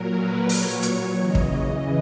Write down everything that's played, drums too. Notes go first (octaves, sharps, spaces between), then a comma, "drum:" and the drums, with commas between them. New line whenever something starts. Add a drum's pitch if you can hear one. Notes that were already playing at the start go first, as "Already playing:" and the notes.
Already playing: A#2 F#3 A#4
B4
A#2 F#3 C#5, drum: open hi-hat
drum: hi-hat
C#3 E3 D#5
drum: kick
D#5